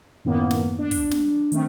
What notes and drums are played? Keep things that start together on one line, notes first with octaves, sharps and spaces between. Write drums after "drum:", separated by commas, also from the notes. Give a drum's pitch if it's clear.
F#2 A2 D#3 A#3 B3
drum: snare
D4
drum: kick, open hi-hat
drum: snare
D#3 A3 C4, drum: hi-hat